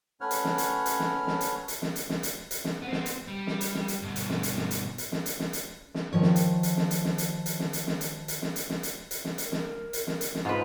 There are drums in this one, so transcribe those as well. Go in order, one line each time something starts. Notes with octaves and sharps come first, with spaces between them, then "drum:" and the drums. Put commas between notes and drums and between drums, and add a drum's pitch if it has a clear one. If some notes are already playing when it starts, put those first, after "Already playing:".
A3 C#4 B4 C#5 F#5 F6
drum: hi-hat
drum: snare
drum: hi-hat
drum: hi-hat
drum: snare
drum: snare
drum: hi-hat
drum: hi-hat
drum: snare
drum: hi-hat
drum: snare
drum: hi-hat
drum: hi-hat
drum: snare
B3 C4
drum: snare
drum: hi-hat
G3
drum: snare
drum: hi-hat
drum: snare
drum: hi-hat
G2 B2
drum: hi-hat
drum: snare
drum: hi-hat
drum: snare
drum: hi-hat
drum: hi-hat
drum: snare
drum: hi-hat
drum: snare
drum: hi-hat
drum: snare
D#3 F3 C#5
drum: snare
drum: hi-hat
drum: hi-hat
drum: snare
drum: hi-hat
drum: snare
drum: hi-hat
drum: hi-hat
drum: snare
drum: hi-hat
drum: snare
drum: hi-hat
drum: hi-hat
drum: snare
drum: hi-hat
drum: snare
drum: hi-hat
drum: hi-hat
drum: snare
A#4, drum: hi-hat
drum: snare
drum: hi-hat
drum: snare
drum: hi-hat
drum: snare
G#2 F4 B4 C5